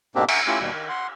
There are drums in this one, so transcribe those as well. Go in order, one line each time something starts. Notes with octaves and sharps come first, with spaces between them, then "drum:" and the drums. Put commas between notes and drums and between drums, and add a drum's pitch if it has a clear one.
G#2 B2 A#3 C4 D4 G4
E5 F#5 G#5 A#5 C#6, drum: cymbal
A3 C#4 E4 F4 G4
D#2 B2 G3
D#3
F#5 C6